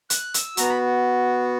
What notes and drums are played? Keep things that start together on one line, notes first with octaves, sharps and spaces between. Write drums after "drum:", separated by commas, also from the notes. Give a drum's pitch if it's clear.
F#6, drum: hi-hat
E6, drum: hi-hat
B3 F#4 A#5, drum: hi-hat
B5